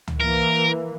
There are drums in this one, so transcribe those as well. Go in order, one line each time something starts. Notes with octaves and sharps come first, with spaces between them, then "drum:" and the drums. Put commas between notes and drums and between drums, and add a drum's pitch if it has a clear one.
drum: tom C#2
E3 A#3 A#4